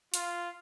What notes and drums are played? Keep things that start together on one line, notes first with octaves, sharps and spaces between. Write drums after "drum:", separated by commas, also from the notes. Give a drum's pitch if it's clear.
F4, drum: hi-hat